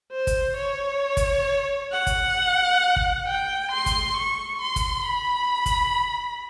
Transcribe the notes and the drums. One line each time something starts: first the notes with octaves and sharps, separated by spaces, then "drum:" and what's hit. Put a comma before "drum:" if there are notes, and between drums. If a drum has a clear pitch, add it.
C5
drum: kick, hi-hat
C#5
drum: kick, hi-hat
F#5
drum: kick, hi-hat
drum: kick
G5
C6
drum: kick, hi-hat
C#6
C6
drum: kick, hi-hat
B5
drum: kick, hi-hat